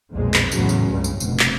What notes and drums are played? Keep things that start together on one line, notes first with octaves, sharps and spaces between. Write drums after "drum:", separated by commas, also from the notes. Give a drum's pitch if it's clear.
B1 F2 A#2 G#3
drum: clap
E2 A2 C#3 F#3 B3 C#4, drum: tambourine
drum: tambourine
C#2 G2 C#3
drum: tambourine
F1 B2, drum: tambourine
drum: clap